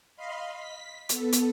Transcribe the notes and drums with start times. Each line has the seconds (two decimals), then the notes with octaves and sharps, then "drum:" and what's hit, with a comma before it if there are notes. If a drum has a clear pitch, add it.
0.16 D#5 F5 B5 C6
0.54 B6
1.09 B3 A4, drum: hi-hat
1.32 drum: hi-hat